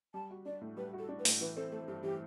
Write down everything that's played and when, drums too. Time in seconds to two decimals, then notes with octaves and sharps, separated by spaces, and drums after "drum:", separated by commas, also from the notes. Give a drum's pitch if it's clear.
0.14 G3 A5
0.31 F#4
0.46 D4 D5
0.61 A2
0.77 G3 B4
0.93 F#4
0.98 A4
1.09 D4
1.19 B4
1.25 A2, drum: open hi-hat
1.41 E3 B4
1.56 C4 A4
1.72 A3 A4
1.88 G2 G4
2.04 E3 G4